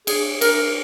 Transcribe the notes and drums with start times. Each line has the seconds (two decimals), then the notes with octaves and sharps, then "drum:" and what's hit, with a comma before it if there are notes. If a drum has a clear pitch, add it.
0.07 G#4, drum: cymbal
0.41 A#4, drum: cymbal